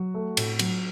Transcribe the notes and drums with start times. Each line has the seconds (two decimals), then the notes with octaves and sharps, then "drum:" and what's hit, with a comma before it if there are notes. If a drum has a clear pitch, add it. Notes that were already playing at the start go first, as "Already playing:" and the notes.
Already playing: F#3 F#4
0.14 A3
0.37 A2, drum: cymbal
0.59 F#3, drum: cymbal